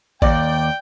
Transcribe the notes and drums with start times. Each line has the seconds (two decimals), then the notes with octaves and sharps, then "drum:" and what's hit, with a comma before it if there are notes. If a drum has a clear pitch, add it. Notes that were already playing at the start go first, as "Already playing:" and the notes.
0.22 D#2 D5 G5, drum: kick A1